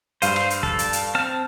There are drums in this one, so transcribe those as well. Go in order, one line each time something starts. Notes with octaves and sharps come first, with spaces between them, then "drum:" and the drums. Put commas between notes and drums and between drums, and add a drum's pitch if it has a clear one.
G2 C5 F5 D#7, drum: hi-hat
drum: rim click
drum: hi-hat
A4, drum: kick
drum: hi-hat
drum: hi-hat
C4 A5 F6